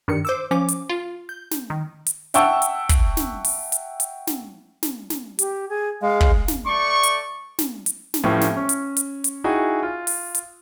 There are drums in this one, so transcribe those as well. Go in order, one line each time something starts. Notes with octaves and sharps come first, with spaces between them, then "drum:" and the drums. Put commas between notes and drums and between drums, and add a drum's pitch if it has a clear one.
G2 D#3 C#7
C5 D6 E6
F3 C#4 D6
drum: hi-hat
F4
G6
drum: snare
D#3
drum: hi-hat
E5 F#5 G5 A5 C#6 E6, drum: hi-hat
drum: hi-hat
drum: kick, hi-hat
drum: snare
drum: open hi-hat
drum: hi-hat
drum: hi-hat
drum: snare
drum: snare
drum: snare
G4, drum: hi-hat
G#4
G#3 F5
drum: kick
drum: snare
A3 D5 C#6
drum: hi-hat
drum: snare
drum: hi-hat
drum: snare
A2 E3 F3 C#4 G4
drum: snare
C#4
drum: hi-hat
drum: hi-hat
drum: hi-hat
D#4 E4 F#4 G#4 G5 G#5
F4
drum: open hi-hat
drum: hi-hat